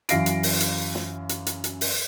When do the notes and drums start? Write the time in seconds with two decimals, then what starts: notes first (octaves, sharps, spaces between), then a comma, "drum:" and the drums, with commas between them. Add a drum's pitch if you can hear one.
0.09 F#2 E3 F5 A#6 C7 D7, drum: hi-hat
0.26 drum: hi-hat
0.43 drum: open hi-hat
0.60 drum: hi-hat
0.95 drum: snare
1.29 drum: hi-hat
1.47 drum: hi-hat
1.64 drum: hi-hat
1.81 drum: open hi-hat